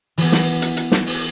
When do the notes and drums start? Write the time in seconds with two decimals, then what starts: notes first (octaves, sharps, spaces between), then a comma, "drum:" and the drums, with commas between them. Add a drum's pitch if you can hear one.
0.18 E3 B3, drum: open hi-hat
0.32 drum: snare
0.62 drum: hi-hat
0.77 drum: hi-hat
0.92 drum: snare
1.06 drum: open hi-hat